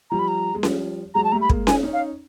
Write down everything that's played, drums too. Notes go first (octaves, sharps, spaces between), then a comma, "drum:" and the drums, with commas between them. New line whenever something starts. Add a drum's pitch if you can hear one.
F3 G3 A#5
B5
A#5
G#3
F3 G3, drum: snare C#4
F#3 G#3 A#5
A5
G3 A3 A#5
B5
G#3 A#3, drum: kick
D#4 G#5, drum: snare C#4
C#4 D#4
F5